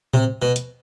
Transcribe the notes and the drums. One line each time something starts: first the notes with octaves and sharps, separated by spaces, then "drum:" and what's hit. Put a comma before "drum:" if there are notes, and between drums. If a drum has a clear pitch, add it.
C3, drum: tom A2
B2
drum: hi-hat